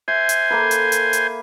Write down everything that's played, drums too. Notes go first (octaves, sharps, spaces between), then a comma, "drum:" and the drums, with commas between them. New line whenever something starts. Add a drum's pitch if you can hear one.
C5 E5 G#5
drum: hi-hat
A#3 A4 B4
drum: hi-hat
drum: hi-hat
drum: hi-hat